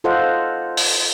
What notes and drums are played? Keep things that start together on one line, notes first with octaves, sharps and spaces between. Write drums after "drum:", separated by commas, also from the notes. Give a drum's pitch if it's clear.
F4 A4 C5 D#5 F5 F#5
drum: open hi-hat